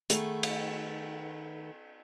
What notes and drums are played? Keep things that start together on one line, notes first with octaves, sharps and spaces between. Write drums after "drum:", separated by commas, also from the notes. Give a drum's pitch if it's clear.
D#3 A3 B3 G#4, drum: hi-hat
drum: cymbal